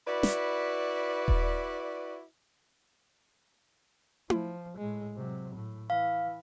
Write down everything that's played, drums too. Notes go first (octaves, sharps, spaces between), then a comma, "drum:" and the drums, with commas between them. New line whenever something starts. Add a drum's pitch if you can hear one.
E4 F#4 B4 D5
drum: snare
drum: kick D#1
F3, drum: tom E4
A2 G#3
C3 F#3
A2
E3 F5